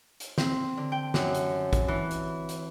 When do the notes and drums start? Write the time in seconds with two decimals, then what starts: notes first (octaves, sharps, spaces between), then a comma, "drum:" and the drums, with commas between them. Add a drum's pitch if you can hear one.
0.20 drum: hi-hat
0.38 C4, drum: snare
0.77 D3
0.92 G5
1.14 F#2, drum: snare
1.35 drum: hi-hat
1.73 drum: kick, hi-hat
1.88 E3
2.11 drum: hi-hat
2.49 drum: hi-hat